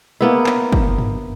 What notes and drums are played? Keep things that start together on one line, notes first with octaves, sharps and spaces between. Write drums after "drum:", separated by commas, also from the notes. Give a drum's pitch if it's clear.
A#3 B3 E4
drum: clap
drum: kick
drum: tom G2